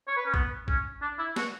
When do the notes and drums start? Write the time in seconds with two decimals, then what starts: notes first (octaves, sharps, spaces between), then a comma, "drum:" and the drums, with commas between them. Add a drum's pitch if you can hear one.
0.08 C#5
0.17 B4
0.25 C#4
0.34 B3, drum: kick A#1
0.68 C#4, drum: kick A#1
1.02 D4
1.19 E4
1.36 F#4, drum: snare